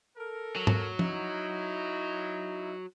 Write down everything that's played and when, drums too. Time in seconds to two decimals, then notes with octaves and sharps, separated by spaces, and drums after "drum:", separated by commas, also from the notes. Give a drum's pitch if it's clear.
0.18 A4 A#4
0.56 F#3
0.67 drum: tom G#2
0.99 D#4 E4, drum: tom